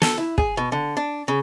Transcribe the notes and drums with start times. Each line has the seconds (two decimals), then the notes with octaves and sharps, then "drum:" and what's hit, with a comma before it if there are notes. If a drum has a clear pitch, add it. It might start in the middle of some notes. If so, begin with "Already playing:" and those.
0.02 A4, drum: snare
0.18 E4
0.38 G#4, drum: kick
0.57 B2
0.72 D3
0.97 D4
1.28 C#3